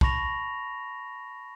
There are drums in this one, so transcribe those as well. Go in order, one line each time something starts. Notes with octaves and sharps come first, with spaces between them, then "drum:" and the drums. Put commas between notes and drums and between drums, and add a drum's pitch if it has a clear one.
A5 B5 C#6 A#6 F7, drum: kick